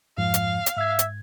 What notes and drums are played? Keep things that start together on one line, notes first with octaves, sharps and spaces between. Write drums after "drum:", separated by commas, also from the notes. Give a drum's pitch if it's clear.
F2 G#2 F3 F5
drum: hi-hat
drum: hi-hat
G#2 E5 G#6
drum: hi-hat